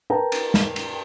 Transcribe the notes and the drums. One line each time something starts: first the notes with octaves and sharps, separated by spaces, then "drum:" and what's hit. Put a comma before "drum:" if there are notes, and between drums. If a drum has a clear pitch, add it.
A#4 B4 G5 A5 A#5
drum: cymbal
drum: snare
drum: cymbal